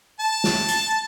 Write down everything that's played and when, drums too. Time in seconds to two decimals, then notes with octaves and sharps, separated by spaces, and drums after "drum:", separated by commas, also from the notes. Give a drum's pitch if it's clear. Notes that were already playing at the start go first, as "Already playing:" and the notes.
0.20 A5
0.44 drum: snare
0.68 drum: hi-hat